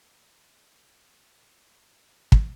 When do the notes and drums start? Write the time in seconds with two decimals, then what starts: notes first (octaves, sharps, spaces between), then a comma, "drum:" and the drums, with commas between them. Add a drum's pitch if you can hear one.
0.28 D#4
0.64 D#4
0.73 C#4
0.81 D#4
2.32 drum: kick